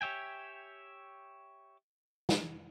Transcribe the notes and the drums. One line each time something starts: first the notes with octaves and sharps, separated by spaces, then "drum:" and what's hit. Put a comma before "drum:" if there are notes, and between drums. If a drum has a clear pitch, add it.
G4 C#5 E5 G5 G#5
drum: snare